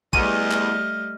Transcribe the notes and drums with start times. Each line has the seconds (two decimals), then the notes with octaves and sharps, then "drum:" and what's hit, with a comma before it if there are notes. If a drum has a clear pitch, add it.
0.13 E2 G3 A3 D#5 F6 D#7, drum: kick
0.51 drum: clap